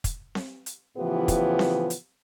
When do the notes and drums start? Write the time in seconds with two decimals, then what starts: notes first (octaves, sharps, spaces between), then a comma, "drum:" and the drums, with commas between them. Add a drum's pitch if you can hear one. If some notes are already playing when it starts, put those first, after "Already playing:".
0.04 drum: kick, hi-hat
0.35 drum: snare C4
0.66 drum: hi-hat
0.97 A2 C#3 E3 F3 B3 G4
1.28 drum: kick, hi-hat
1.59 drum: snare C4
1.90 drum: hi-hat